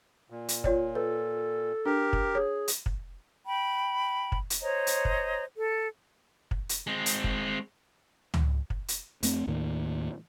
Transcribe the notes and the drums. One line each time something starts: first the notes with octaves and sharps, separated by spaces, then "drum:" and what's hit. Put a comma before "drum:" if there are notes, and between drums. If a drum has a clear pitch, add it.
A#2
drum: hi-hat
F4 C#5 D5, drum: kick
A4 B4
D4 G4 A#4
drum: kick
G#4 C#5
drum: hi-hat
drum: kick
G5 B5
drum: kick
drum: hi-hat
C5 C#5 D#5 A#5
drum: hi-hat
drum: kick
A4
drum: kick
drum: hi-hat
G#3 C4
drum: hi-hat
drum: kick
drum: tom C#2
drum: kick
drum: hi-hat
F2 A3 C4, drum: hi-hat
D#2 A2 D#3 A#3